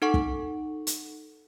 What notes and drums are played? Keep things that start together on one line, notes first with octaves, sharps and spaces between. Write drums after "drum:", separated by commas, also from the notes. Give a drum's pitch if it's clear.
D#4 A4 F#5 C#6
drum: kick
drum: hi-hat